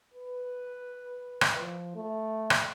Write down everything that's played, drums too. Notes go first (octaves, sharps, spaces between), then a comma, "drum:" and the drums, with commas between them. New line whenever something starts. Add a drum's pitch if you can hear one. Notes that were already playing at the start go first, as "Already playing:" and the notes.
B4
drum: rim click
F3
A3
drum: rim click